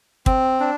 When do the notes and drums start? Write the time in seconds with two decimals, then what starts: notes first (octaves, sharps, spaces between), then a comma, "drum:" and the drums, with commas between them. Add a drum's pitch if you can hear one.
0.26 C4, drum: kick
0.60 D4